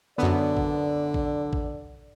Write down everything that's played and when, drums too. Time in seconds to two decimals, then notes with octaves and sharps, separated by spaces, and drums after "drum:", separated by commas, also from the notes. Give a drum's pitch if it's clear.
0.18 F#2 D3 B3 D5
0.57 drum: kick
1.14 drum: kick
1.53 drum: kick